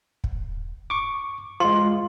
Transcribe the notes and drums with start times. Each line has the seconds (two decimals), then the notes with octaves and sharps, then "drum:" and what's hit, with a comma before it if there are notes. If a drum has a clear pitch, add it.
0.24 drum: kick
0.90 C#6 D6
1.60 G#3 F4 C6